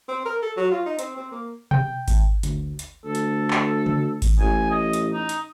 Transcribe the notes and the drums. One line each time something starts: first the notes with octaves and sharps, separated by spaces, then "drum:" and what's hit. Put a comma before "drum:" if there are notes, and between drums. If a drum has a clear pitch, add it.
C4
A#4
A4
F#3
F4
D#4
C4, drum: hi-hat
C4
A#3
G5, drum: tom B2
drum: kick G#1, open hi-hat
D2, drum: hi-hat
drum: hi-hat
D2 A4
drum: hi-hat
drum: clap
drum: tom C#3
drum: kick G#1, open hi-hat
A1 G#5
D#5
drum: hi-hat
D#4
drum: hi-hat